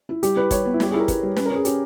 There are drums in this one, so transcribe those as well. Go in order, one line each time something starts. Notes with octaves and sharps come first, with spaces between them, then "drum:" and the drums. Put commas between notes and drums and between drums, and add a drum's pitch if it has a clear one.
E4
G3 G4, drum: hi-hat
E4 B4
G3 C#5, drum: kick, hi-hat
B3
E4
G3 G4, drum: snare
E4 G#4
A#4
E4 B4, drum: kick, hi-hat
G3
C#4 B4, drum: snare
A#4
C#4
G#4
C#4 G4, drum: hi-hat